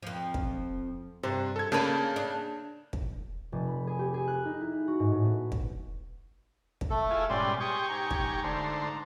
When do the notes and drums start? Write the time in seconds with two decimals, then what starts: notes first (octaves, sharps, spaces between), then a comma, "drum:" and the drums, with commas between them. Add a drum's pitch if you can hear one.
0.03 F2 F3
0.34 drum: kick
1.23 G2 C3 C5
1.56 A4 G#6
1.72 C#3 A#3 D4 B4 A5
2.16 D4
2.93 drum: kick
3.52 F1
3.67 B5
3.87 G#4
3.99 G4
4.14 G#4
4.28 F#6
4.45 D#4
4.61 E4
4.88 F#4
5.00 G#2
5.12 A2
5.24 B3
5.52 drum: kick
6.81 drum: kick
6.90 A3 A4
7.11 E4 F4 G#4
7.30 G#2 B2 G3 C#4 D5 C6
7.60 G4 G#5 C6 C#6 D#6
7.89 G#2 A#5
8.11 drum: kick
8.44 D3 A3 C5